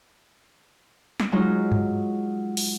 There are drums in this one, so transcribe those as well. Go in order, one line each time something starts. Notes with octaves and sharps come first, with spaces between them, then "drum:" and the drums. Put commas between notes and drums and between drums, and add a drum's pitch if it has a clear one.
drum: snare
F#3 G#3 D#4 F4 F#4
drum: tom G2
drum: open hi-hat